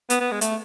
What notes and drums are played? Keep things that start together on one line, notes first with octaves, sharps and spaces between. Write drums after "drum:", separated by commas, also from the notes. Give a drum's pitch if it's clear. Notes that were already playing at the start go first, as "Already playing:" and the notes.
B3, drum: hi-hat
B3
G#3
A3, drum: hi-hat